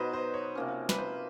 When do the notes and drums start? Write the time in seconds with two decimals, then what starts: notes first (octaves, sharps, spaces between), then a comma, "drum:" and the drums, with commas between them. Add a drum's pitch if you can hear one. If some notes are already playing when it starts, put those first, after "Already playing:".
Already playing: B2 F#3 B3 D#4 B4 C5
0.13 C5
0.34 C#5
0.55 C3 F3 A#3 C#4
0.89 B4, drum: snare
0.98 C5